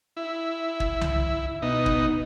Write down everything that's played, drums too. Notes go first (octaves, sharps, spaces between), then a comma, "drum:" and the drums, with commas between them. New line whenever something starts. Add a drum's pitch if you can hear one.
E4
drum: kick
drum: tom C2
B2 D#4
drum: kick